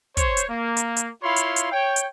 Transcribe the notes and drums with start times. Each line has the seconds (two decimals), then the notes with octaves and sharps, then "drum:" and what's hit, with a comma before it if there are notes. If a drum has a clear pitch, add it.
0.17 C5 C#5, drum: kick, hi-hat
0.37 drum: hi-hat
0.49 A#3
0.77 drum: hi-hat
0.96 drum: hi-hat
1.23 E4 F4 C#5 F5 B5 C6
1.36 drum: hi-hat
1.56 drum: hi-hat
1.72 C#5 G5
1.96 drum: hi-hat